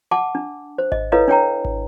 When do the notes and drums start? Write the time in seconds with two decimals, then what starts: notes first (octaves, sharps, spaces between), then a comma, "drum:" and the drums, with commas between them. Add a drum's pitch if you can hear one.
0.11 F#5 A5 D6
0.35 D4
0.78 C5
0.92 D#5, drum: kick G#1
1.12 E4 A4 B4 C#5 D#5 F5
1.28 D4 C#5 G5 A#5
1.65 drum: kick G#1